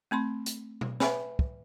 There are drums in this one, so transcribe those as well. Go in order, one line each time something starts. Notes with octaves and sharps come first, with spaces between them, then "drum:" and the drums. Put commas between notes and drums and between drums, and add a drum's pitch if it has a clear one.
A3 C4 B5 C6
drum: hi-hat
drum: tom B2
B4 E5 G#5 B5, drum: snare
drum: kick